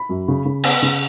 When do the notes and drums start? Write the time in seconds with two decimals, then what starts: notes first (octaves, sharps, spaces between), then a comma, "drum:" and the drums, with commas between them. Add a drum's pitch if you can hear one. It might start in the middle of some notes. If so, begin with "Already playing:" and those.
Already playing: B5
0.09 F#2
0.28 C#3
0.45 C#3
0.63 B3, drum: cymbal
0.82 C#3